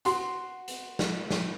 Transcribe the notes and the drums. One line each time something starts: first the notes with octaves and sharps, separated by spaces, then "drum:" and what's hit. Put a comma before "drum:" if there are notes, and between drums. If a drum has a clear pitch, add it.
F#4 C6, drum: hi-hat
drum: hi-hat
drum: snare
drum: snare